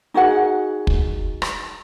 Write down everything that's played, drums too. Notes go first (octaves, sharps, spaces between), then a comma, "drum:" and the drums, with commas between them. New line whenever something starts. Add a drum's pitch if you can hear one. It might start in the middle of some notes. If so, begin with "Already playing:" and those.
D#4 F#4 G#4 F#5
drum: kick
drum: rim click